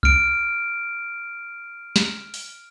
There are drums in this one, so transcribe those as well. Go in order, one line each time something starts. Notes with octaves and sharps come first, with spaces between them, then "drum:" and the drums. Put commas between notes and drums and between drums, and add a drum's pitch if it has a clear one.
F6 D7, drum: kick C2
drum: snare
drum: open hi-hat